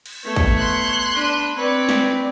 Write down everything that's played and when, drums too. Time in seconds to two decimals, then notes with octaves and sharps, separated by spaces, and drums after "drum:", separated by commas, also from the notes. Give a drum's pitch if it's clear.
0.06 drum: cymbal
0.24 A3 B3 C#5
0.36 drum: kick
0.58 C6 F#6
1.16 D4 B4
1.57 C4 B4 C#5 D5
1.89 drum: snare